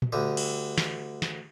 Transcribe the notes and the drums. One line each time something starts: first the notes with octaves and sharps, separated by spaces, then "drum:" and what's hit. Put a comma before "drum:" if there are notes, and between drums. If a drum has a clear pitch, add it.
drum: tom A#2
D2 D3 G3 G4
drum: cymbal
drum: snare
drum: snare